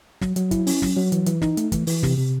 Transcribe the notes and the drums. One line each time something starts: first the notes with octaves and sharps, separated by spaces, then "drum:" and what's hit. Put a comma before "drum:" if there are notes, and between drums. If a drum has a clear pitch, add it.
F#3, drum: snare
F#3, drum: hi-hat
E4, drum: kick, hi-hat
C#4, drum: open hi-hat
F#3, drum: snare
F#3
E3, drum: hi-hat
E3, drum: hi-hat
D#4, drum: snare
A3, drum: hi-hat
E3, drum: kick, hi-hat
E3, drum: open hi-hat
C3, drum: snare
C3